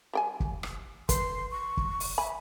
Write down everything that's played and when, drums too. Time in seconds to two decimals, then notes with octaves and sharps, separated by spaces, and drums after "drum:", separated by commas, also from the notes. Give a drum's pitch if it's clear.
0.13 G3 G5 G#5
0.40 drum: kick
0.63 drum: rim click
1.09 B4 C6, drum: kick, hi-hat
1.51 C#6
1.77 drum: kick
2.00 drum: open hi-hat
2.18 E5 G#5 B5